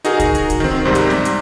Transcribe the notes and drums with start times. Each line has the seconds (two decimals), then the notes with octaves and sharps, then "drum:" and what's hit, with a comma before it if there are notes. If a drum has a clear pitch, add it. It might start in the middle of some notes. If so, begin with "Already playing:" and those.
0.04 D#4 F#4 G#4 A#4, drum: hi-hat
0.20 drum: kick C#2, hi-hat
0.35 drum: hi-hat
0.50 drum: kick C#2, hi-hat
0.60 D#3 C4
0.85 G#2 C3 G3
0.95 drum: hi-hat
1.10 drum: snare
1.25 drum: hi-hat